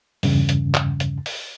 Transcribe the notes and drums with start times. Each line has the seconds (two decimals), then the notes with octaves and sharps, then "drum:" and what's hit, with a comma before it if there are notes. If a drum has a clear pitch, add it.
0.23 E2 G2 C#3, drum: open hi-hat
0.49 drum: hi-hat
0.74 drum: clap
1.00 drum: hi-hat
1.26 drum: open hi-hat